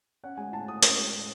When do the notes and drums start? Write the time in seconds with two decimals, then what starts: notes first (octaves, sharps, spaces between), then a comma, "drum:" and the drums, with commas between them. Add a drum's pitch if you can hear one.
0.24 C#4 F#5
0.37 G#3 G#5
0.52 A2 A5
0.68 A2 D#6
0.83 C#4 D#6, drum: hi-hat
0.98 G#3
1.12 A2